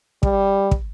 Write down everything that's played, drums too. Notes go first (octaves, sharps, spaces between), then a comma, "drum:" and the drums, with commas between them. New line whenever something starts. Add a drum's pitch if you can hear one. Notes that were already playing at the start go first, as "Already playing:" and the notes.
G3, drum: kick
drum: kick